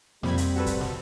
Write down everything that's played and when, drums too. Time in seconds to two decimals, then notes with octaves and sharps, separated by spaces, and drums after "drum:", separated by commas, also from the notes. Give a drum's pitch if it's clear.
0.23 F2 G3 A#3 C4 B5 G#6, drum: snare
0.38 drum: hi-hat
0.56 F#4 A4 B4
0.66 drum: kick, hi-hat
0.81 drum: snare